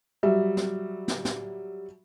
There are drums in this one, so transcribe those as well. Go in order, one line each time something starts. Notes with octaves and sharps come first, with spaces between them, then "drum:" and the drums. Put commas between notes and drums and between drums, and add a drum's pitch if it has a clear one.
F#3 G3 E5
drum: snare
drum: snare
drum: snare